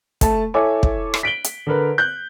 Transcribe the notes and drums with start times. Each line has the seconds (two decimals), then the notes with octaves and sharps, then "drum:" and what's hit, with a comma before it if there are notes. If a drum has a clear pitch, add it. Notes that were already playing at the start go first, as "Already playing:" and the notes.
0.21 A3 A5, drum: kick, hi-hat
0.54 E4 A4 C#5 E5 G#5 D6
0.83 drum: kick
1.14 drum: rim click
1.23 B6 D7 F#7 G7
1.44 drum: hi-hat
1.67 D3 A#4 B4
1.98 F#6 G6